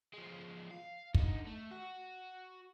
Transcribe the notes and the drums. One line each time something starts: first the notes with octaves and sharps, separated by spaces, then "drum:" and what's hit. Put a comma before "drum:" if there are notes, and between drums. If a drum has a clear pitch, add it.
F3 G#3
F5
D3 D#4, drum: kick
A3
F#4